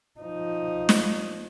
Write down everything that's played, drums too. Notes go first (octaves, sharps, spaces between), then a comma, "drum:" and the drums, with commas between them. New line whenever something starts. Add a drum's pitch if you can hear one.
F3 D#4
drum: snare